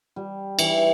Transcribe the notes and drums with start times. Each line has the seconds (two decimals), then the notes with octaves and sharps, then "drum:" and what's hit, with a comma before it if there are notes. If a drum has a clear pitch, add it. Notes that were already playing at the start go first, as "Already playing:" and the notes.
0.16 G3
0.59 E3, drum: cymbal